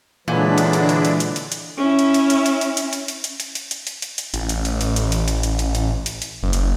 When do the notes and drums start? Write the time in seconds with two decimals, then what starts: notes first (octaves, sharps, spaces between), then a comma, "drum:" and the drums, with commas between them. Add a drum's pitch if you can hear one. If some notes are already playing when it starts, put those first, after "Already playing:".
0.28 A#2 D3 E3 F#3 G#3 D4 B4
0.58 drum: hi-hat
0.73 drum: hi-hat
0.89 drum: hi-hat
1.05 drum: hi-hat
1.20 drum: hi-hat
1.36 drum: hi-hat
1.52 drum: hi-hat
1.77 C#4 E4
1.99 drum: hi-hat
2.14 drum: hi-hat
2.30 drum: hi-hat
2.46 drum: hi-hat
2.61 drum: hi-hat
2.77 drum: hi-hat
2.93 drum: hi-hat
3.08 drum: hi-hat
3.24 drum: hi-hat
3.40 drum: hi-hat
3.55 drum: hi-hat
3.71 drum: hi-hat
3.87 drum: hi-hat
4.02 drum: hi-hat
4.18 drum: hi-hat
4.34 A1, drum: hi-hat
4.49 drum: hi-hat
4.65 drum: hi-hat
4.81 drum: hi-hat
4.96 drum: hi-hat
5.12 drum: hi-hat
5.28 drum: hi-hat
5.43 drum: hi-hat
5.59 drum: hi-hat
5.75 drum: hi-hat
6.06 drum: hi-hat
6.22 drum: hi-hat
6.43 F#1
6.53 drum: hi-hat